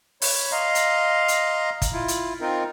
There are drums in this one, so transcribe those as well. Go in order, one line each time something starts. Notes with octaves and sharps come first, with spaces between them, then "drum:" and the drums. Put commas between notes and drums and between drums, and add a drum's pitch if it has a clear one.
C#5 B5, drum: open hi-hat
D#5 F5 A#5 C6
drum: hi-hat
drum: hi-hat
drum: kick, hi-hat
E4 F4
drum: hi-hat
C4 D#4 F4 A#4